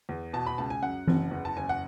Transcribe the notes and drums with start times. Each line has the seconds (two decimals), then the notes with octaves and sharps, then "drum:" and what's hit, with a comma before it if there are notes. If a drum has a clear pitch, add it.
0.09 E2
0.33 B2 A5
0.47 B5
0.58 C#2 A5
0.70 G#5
0.82 F#2 F#5
1.07 F#1, drum: tom E3
1.31 E2
1.45 A5
1.57 F#1 G#5
1.69 F#5